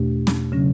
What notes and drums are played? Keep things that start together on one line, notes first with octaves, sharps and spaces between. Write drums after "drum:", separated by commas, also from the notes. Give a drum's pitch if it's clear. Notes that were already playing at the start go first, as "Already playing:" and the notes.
Already playing: E2 B2 A3 D4 G4
drum: snare
C#3 F#3 C#4